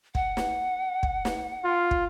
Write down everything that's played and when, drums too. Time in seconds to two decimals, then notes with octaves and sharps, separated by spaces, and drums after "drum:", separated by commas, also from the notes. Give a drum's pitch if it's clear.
0.15 F#5, drum: kick
0.37 drum: snare
1.03 drum: kick
1.25 drum: snare
1.64 F4
1.91 drum: kick